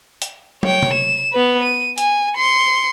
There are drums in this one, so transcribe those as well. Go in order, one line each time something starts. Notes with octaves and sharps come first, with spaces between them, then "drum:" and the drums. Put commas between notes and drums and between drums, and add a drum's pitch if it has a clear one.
drum: hi-hat
C#5 G5, drum: tom
drum: tom C3
E7
B3 B4
D#7
G#5, drum: hi-hat
C6 C#7